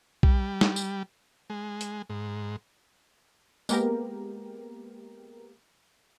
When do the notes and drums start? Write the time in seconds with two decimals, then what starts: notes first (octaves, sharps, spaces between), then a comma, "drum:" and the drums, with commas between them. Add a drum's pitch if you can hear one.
0.23 G3, drum: kick B1
0.61 drum: snare
0.76 drum: tambourine
1.50 G#3
1.81 drum: hi-hat
2.10 G#2
3.69 G#3 A#3 B3 G4 A#4, drum: tambourine